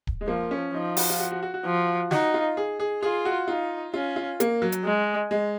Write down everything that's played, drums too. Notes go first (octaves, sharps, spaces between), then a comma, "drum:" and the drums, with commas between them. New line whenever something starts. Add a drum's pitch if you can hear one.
drum: kick D1
G#3
F3 A#3
C#4
F3 D#4
F#4, drum: open hi-hat
F4
F#4
F#4
F#4
F#4
F3
D#4 F#4, drum: snare
F4
G#4
G#4
F4 G#4
F#4
D#4 F4
C#4 F4
F4
A#3, drum: hi-hat
F#3
drum: hi-hat
G#3
G#3